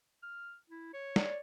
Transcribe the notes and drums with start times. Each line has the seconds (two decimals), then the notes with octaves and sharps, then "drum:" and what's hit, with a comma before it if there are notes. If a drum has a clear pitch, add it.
0.23 F6
0.70 E4
0.93 C#5
1.16 D5, drum: snare